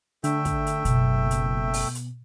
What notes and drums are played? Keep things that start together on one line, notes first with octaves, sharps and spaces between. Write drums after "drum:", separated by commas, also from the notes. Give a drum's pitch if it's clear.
D3 A3 E5 G5, drum: hi-hat
drum: kick, hi-hat
drum: hi-hat
F#1 B2, drum: hi-hat
drum: hi-hat
drum: open hi-hat
drum: hi-hat